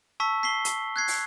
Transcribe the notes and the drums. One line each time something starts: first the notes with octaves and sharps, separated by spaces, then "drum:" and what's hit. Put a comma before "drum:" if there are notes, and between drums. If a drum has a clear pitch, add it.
A5 C#6 E6 B6
B6 C7 G7
drum: hi-hat
F#6 G#6 C7
drum: open hi-hat